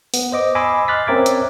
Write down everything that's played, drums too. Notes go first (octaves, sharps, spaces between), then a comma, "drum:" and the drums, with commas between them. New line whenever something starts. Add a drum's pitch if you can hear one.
B3, drum: open hi-hat
C5 D#5 D6
D#5 G#5 B5 C6 D6 E6
C6 D6 F6 F#6 A6 B6
C4 C#4 A#4 E5 D6 G#6
drum: hi-hat